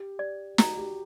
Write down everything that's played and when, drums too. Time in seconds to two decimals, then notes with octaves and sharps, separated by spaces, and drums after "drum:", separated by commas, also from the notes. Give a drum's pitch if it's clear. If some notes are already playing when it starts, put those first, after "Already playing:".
Already playing: G4
0.19 D5
0.58 F#4 A#5, drum: snare
0.77 G4